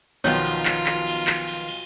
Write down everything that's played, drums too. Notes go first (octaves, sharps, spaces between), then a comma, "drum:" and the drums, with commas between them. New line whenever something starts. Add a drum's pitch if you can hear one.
B1 D#3 F3 B3 F4 C#5 G5, drum: cymbal
drum: cymbal
drum: clap
drum: clap
drum: cymbal
drum: clap
drum: cymbal
drum: cymbal